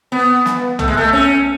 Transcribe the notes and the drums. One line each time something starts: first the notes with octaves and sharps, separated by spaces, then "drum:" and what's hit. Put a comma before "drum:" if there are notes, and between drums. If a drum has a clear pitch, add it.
B3
drum: snare
A3, drum: tom B1
G#3
A3
C#4